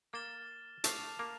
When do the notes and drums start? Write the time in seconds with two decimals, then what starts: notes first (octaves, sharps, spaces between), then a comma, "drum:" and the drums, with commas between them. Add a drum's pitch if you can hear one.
0.13 A#3 F6 A6 E7 G7
0.84 A3 A5 D6 F6 C7 F7, drum: hi-hat
1.19 A#3